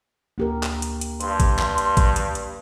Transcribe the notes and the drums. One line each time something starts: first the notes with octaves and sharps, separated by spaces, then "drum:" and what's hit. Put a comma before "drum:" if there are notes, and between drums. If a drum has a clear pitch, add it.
D2 A#3 G4 A#4
drum: clap
drum: hi-hat
drum: hi-hat
G2 C6, drum: hi-hat
drum: kick A1, hi-hat
drum: clap
drum: hi-hat
drum: kick A1, hi-hat
drum: hi-hat
drum: hi-hat